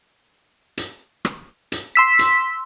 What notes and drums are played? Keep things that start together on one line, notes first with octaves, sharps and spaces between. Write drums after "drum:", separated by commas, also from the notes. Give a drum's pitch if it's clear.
drum: hi-hat
drum: rim click
drum: hi-hat
C6 E6 B6
drum: hi-hat